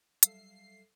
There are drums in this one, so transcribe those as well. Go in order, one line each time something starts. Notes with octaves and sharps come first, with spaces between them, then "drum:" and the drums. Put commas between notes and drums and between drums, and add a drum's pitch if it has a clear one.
F#3 G3 A4 E5 F5 C7, drum: hi-hat